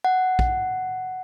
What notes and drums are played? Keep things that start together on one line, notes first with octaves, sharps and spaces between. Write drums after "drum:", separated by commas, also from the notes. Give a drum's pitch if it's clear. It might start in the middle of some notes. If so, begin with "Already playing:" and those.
F#5
drum: kick A#1